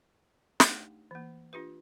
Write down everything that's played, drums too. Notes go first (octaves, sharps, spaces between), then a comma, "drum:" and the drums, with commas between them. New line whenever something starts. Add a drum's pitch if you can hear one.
A3 D4 D#4 G4 F#5 G5, drum: snare
E3 A#3
D4 F4 G4 B4